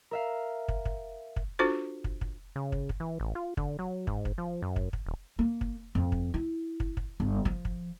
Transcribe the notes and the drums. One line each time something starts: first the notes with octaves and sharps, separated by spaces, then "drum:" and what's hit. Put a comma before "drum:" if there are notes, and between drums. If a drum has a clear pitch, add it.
A#4 E5 F5
drum: kick
drum: kick
drum: kick
D4 F4 F#4 A4 C5
drum: kick
drum: kick
C#3
drum: kick
drum: kick
E3
A1
F4
D3, drum: kick
F#3
G#2, drum: kick
drum: kick
F3
F#2
drum: kick
drum: kick
D#1
A#3
drum: kick
F2
drum: kick
E4
drum: kick
drum: kick
G1
F3, drum: kick
drum: kick